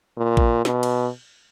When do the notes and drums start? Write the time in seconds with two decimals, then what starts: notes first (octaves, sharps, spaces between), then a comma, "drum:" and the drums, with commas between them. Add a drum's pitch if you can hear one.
0.17 A#2
0.37 drum: kick A1
0.65 B2, drum: snare
0.83 drum: cymbal